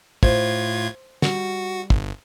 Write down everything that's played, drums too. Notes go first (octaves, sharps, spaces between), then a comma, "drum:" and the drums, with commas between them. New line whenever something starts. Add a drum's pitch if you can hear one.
A2 F4 C5 G#6, drum: kick
G3 F#4, drum: snare
G1, drum: kick